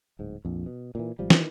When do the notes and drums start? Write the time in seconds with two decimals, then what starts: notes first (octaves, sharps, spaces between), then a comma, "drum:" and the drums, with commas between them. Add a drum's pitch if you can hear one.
0.19 D1 G#2
0.45 A#1 F2
0.66 B2
0.95 A#2 C#3 E3
1.19 G#1 F3 G3
1.30 D#3 E3, drum: snare